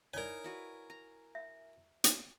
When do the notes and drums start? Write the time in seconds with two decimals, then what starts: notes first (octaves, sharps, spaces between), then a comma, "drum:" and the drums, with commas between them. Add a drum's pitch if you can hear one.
0.14 D#4 E4 A#4 C#5 D5 G#5
0.44 E4 F#4 B4
0.90 A#5
1.35 E5
2.04 drum: hi-hat